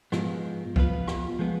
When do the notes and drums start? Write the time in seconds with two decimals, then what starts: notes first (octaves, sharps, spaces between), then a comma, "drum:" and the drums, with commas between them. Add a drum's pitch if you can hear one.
0.12 G#2 F3 G#3 B3, drum: rim click
0.76 F3 B3 F4 B4, drum: kick C2
1.08 drum: rim click
1.39 F3 G#3 B3